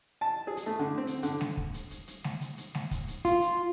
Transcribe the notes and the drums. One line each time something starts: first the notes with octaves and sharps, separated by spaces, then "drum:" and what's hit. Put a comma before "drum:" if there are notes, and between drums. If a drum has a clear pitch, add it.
A5
G#4
drum: hi-hat
A3
D3
C4
drum: hi-hat
D3, drum: hi-hat
drum: snare G#3
drum: kick
drum: hi-hat
drum: hi-hat
drum: hi-hat
drum: snare G#3
drum: hi-hat
drum: hi-hat
drum: snare G#3
drum: kick, hi-hat
drum: hi-hat
F4, drum: hi-hat
drum: hi-hat